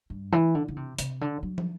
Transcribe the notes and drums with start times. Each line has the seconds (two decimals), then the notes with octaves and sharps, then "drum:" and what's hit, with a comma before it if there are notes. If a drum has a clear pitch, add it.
0.10 G2
0.32 E3
0.55 D3
0.68 D3
0.76 C3
0.98 C3, drum: hi-hat
1.21 D3
1.43 F#3
1.58 drum: tom